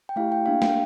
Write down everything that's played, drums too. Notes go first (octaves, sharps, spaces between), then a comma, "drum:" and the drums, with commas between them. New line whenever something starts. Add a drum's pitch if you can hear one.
G5
A3 E4 G4 F5
G5
A#3 D4 G4 F5
G5, drum: snare